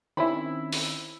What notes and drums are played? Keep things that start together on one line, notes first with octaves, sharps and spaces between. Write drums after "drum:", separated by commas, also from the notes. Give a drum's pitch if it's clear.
D#3 C4 C#4 E4 B5
drum: open hi-hat